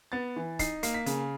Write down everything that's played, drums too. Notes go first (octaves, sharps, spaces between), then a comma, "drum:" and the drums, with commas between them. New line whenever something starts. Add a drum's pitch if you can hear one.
B3 A6
E3
D#4 C7, drum: kick C#1, hi-hat
A#3 C7, drum: hi-hat
B6
C#3, drum: hi-hat